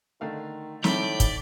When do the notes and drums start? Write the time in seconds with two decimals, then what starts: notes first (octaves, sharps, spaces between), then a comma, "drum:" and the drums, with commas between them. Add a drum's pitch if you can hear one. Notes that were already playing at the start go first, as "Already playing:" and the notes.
0.21 D3 D#3 A3 F5
0.84 A2 D#3 D5 G6 B6, drum: snare
1.20 drum: kick, hi-hat